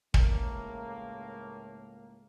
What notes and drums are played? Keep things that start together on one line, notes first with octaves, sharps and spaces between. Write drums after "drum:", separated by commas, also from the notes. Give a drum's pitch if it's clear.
C#2 A2 A#3, drum: kick